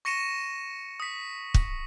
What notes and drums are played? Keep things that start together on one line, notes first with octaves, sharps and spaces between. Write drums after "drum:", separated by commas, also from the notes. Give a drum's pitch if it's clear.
C#6 A#6 C#7 D#7 E7
D#6 B6
drum: kick